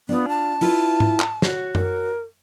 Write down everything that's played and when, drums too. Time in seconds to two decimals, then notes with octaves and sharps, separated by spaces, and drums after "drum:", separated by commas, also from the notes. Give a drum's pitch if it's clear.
0.09 B3 D4 F4
0.29 A5
0.61 E4 F4 B4, drum: open hi-hat
1.00 drum: tom G#2
1.20 drum: clap
1.42 F#4 C#5, drum: snare
1.75 A#4, drum: tom F#2